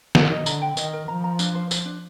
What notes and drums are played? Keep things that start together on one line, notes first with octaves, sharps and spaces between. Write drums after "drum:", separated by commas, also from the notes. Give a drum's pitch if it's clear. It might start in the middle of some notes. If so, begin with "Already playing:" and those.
D#3 D#5, drum: snare
D#5
D3 A#5, drum: tambourine
G5
D#3 D#5, drum: tambourine
A#4
F3 A#5
A#5
D4, drum: tambourine
C5
C5, drum: tambourine
D4